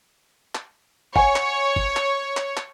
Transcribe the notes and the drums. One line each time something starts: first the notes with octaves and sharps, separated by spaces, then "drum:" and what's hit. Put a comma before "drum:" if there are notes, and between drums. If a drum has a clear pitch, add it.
drum: clap
C#5 F#5 G#5, drum: kick
drum: clap
drum: kick
drum: clap
drum: clap
drum: clap